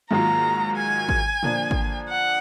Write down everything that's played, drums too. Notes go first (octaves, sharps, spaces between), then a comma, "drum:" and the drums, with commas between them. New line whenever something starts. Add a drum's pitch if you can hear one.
G#2 D#3 F#3 A#3 F4 A#5
G#5
drum: kick G#1
D3 F3 A#3 D4, drum: tom A#2
drum: kick G#1
F#5